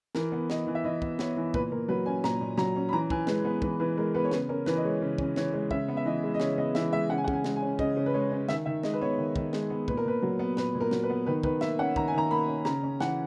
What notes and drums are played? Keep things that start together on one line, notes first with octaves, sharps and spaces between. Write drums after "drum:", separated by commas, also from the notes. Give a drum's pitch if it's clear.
E3 A#4, drum: snare
B3
B3 D#5, drum: snare
E3
E5
E3 D#5
B3, drum: kick
B3 C#5, drum: snare
E3
A#2 B4, drum: kick
A#2 A#4
F#3 B4
C#4 G#5
A#2 A#5, drum: snare
A#2
F#3 A#5, drum: snare
C#4
B5
E3 A#5
E3 G#5, drum: kick
G#3 B4, drum: snare
B3 B4
E3 B4, drum: kick
E3 B4
G#3 A#4
B3 B4
C#5
C#3 B4, drum: snare
C#4 A#4
E3 B4, drum: snare
D#5
G#3 C#5
C#3
C#4, drum: kick
E3 C#5, drum: snare
G#3
C#3 E5, drum: kick
B3
E5
E3 D#5
G#3
D#5
C#3 C#5, drum: snare
B3 D#5
E3 E5, drum: snare
G#3 E5
C#3 F#5
G#5
F#5
C#3, drum: kick
G#5
G#3, drum: snare
G#5
C#4
C#3 D#5, drum: kick
C#3
B4
G#3 C#5
C#4
D#3 E5, drum: snare
D#3 E5
G#3 D#5, drum: snare
B4
B3 C#5
D#3
D#3, drum: kick
G#3, drum: snare
B3
A#2 B4, drum: kick
A#4
A#2 B4
F#3 A#4
B3
A#2 B4, drum: snare
A#2
A#4
F#3, drum: snare
B4
B3
D#3 B4
D#3 B4, drum: kick
A#3 E5, drum: snare
C#4 F#5
D#3 A#5, drum: kick
G#5
D#3 A#5
A#3 B5
C#4
C#3 A#5, drum: snare
C#4
E3 F#5, drum: snare